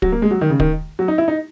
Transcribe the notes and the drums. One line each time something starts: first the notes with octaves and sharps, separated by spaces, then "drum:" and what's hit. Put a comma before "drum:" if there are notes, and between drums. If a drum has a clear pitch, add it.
F#3, drum: kick
A#3
G#3
F#3
D#3
C#3
D#3, drum: kick
F#3
D#4
E4
D#4